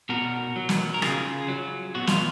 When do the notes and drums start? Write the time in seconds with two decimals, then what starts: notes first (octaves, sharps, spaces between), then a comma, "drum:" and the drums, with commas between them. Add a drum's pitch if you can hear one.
0.09 B2 F#4 A#4
0.56 F#3
0.69 drum: snare
0.94 A#4
1.02 C#3 F4 G#4, drum: rim click
1.48 F#3
1.95 B2 F#4
2.07 F4, drum: snare